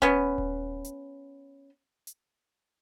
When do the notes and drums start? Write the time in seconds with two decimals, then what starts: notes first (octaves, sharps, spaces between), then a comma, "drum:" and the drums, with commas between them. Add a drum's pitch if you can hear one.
0.02 B3 C#4, drum: kick D#1
0.38 drum: kick D#1
0.85 drum: hi-hat
2.07 drum: hi-hat